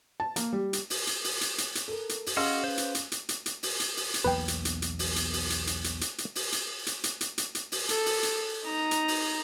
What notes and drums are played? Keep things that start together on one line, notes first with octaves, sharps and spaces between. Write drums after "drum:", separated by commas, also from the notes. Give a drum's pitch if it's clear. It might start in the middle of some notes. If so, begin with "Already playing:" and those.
A5
A#3, drum: hi-hat
G3
drum: hi-hat
drum: open hi-hat
drum: hi-hat
drum: open hi-hat
drum: hi-hat
drum: hi-hat
drum: hi-hat
A4 A#4
drum: hi-hat
drum: open hi-hat
C#4 F#4 G#4 D#5 F5 C6 E6 F6
B4 C5
drum: hi-hat
drum: hi-hat
drum: hi-hat
drum: hi-hat
drum: hi-hat
drum: open hi-hat
drum: hi-hat
drum: open hi-hat
drum: hi-hat
B1 E2 A#3 B4 G5
drum: hi-hat
drum: hi-hat
drum: hi-hat
drum: open hi-hat
drum: hi-hat
drum: open hi-hat
drum: hi-hat
drum: hi-hat
drum: hi-hat
drum: hi-hat
drum: hi-hat
drum: open hi-hat
drum: hi-hat
drum: hi-hat
drum: hi-hat
drum: hi-hat
drum: hi-hat
drum: hi-hat
drum: open hi-hat
A4, drum: hi-hat
drum: open hi-hat
drum: hi-hat
D#4 A#5
drum: hi-hat
drum: open hi-hat